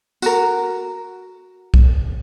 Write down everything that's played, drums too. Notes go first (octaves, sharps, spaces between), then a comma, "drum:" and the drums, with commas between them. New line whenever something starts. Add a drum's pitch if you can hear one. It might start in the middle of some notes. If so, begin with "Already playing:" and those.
F#4 A#4, drum: tambourine
drum: kick